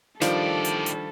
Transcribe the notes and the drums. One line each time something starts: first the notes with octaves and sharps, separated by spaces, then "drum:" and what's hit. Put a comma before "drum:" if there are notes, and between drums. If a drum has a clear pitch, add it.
A2 D#3 F3 G3 D4 A4 D5, drum: snare
drum: hi-hat
drum: hi-hat